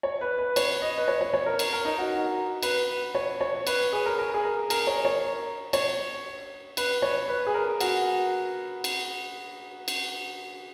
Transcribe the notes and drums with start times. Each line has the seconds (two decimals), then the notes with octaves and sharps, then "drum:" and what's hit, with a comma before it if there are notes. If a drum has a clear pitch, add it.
0.03 C#5
0.21 B4
0.38 B4
0.56 C#5, drum: cymbal
0.82 D#5
0.98 B4
1.08 C#5
1.21 C#5
1.34 C#5
1.46 A#4
1.59 drum: cymbal
1.73 A#4
1.85 D#4
1.98 F#4
2.63 B4, drum: cymbal
3.15 C#5
3.41 C#5
3.67 B4, drum: cymbal
3.93 G#4
4.06 A#4
4.19 A#4
4.34 G#4
4.44 A#4
4.70 A#4, drum: cymbal
4.87 C#5
5.05 C#5
5.73 C#5, drum: cymbal
6.77 B4, drum: cymbal
7.02 C#5
7.28 B4
7.47 G#4
7.54 A#4
7.80 F#4, drum: cymbal
8.84 drum: cymbal
9.88 drum: cymbal